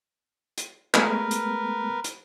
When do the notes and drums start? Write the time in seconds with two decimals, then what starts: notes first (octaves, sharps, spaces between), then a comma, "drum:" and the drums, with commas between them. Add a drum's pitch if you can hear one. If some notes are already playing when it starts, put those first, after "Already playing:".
0.58 drum: hi-hat
0.94 G#3 A3 B3 A#4 B4, drum: clap
1.31 drum: hi-hat
2.04 drum: hi-hat